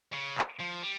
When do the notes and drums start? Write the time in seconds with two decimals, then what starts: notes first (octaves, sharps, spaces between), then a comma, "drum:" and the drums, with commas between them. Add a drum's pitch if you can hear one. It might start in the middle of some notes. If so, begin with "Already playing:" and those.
0.13 C#3
0.38 drum: clap
0.60 F3
0.83 G3